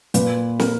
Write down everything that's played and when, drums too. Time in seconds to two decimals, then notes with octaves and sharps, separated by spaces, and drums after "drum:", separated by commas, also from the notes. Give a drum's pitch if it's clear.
0.14 A#2 B4, drum: hi-hat
0.59 A#4, drum: snare